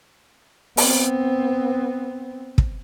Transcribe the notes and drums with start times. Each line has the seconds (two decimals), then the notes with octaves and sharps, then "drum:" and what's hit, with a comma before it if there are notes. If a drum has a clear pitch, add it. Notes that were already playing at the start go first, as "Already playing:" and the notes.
0.77 B3 C4, drum: open hi-hat
2.58 drum: kick